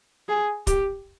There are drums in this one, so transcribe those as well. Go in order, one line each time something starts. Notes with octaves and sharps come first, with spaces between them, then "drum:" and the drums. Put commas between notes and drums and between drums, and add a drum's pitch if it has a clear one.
G#4
G4, drum: kick D1, hi-hat